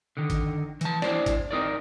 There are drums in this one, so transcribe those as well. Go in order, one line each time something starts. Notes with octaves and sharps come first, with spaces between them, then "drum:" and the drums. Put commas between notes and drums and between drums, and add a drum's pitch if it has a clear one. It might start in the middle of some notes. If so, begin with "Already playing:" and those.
D3 D#3
drum: kick G#1, hi-hat
E3 A5, drum: hi-hat
D4 E4 C5 D5, drum: snare
drum: kick G#1, hi-hat
C4 D#4 A#4 D5